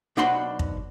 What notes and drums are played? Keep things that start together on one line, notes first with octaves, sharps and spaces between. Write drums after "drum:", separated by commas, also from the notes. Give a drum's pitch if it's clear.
B1 D4 F#4 C5 B5 C6
drum: kick